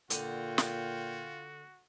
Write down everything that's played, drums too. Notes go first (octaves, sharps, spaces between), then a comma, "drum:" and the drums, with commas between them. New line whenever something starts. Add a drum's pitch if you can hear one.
A#2 D3 F4 F#4 G5, drum: hi-hat
drum: snare